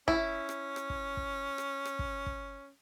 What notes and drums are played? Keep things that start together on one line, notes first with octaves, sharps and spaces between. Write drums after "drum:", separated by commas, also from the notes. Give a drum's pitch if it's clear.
C#4 E4, drum: kick
drum: rim click
drum: rim click
drum: kick
drum: kick
drum: rim click
drum: rim click
drum: kick
drum: kick